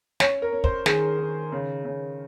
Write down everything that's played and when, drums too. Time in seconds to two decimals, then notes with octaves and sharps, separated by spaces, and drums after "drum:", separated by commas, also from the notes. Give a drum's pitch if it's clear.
0.20 C#4 C#5, drum: snare
0.42 A#4
0.52 C#4
0.64 C5, drum: kick
0.86 D#3 G#4, drum: snare
1.19 D#3
1.52 C#3
1.85 C#3